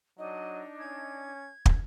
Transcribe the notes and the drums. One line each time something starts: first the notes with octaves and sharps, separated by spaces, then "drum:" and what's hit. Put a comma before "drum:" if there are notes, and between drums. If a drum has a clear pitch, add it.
F#3 D4 D#4 D#5
C#4 G#6
drum: kick